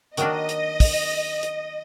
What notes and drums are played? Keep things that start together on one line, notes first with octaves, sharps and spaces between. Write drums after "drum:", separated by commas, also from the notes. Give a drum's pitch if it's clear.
D#3 F#3 A#3 D4 D#5, drum: hi-hat
drum: hi-hat
drum: kick, open hi-hat
drum: hi-hat